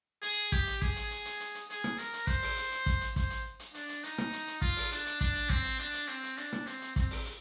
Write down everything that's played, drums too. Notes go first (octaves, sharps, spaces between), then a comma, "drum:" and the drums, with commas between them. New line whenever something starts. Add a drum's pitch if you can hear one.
G#4, drum: hi-hat
G4, drum: kick, hi-hat
drum: hi-hat
G#4, drum: kick, hi-hat
drum: hi-hat
drum: hi-hat
drum: hi-hat
drum: hi-hat
drum: hi-hat
G#4, drum: hi-hat
drum: rim click
A#4, drum: hi-hat
drum: hi-hat
C5, drum: kick, hi-hat
drum: open hi-hat
drum: hi-hat
drum: hi-hat
drum: kick, hi-hat
drum: hi-hat
C5, drum: kick, hi-hat
drum: hi-hat
drum: hi-hat
D4, drum: hi-hat
drum: hi-hat
D#4, drum: hi-hat
drum: rim click
drum: hi-hat
drum: hi-hat
F4, drum: kick, hi-hat
drum: open hi-hat
D4, drum: hi-hat
drum: hi-hat
D4, drum: kick, hi-hat
drum: hi-hat
C4, drum: kick
drum: hi-hat
D4, drum: hi-hat
drum: hi-hat
C4, drum: hi-hat
drum: hi-hat
D4, drum: hi-hat
drum: rim click
C4, drum: hi-hat
drum: hi-hat
C4, drum: kick, hi-hat
drum: open hi-hat
drum: hi-hat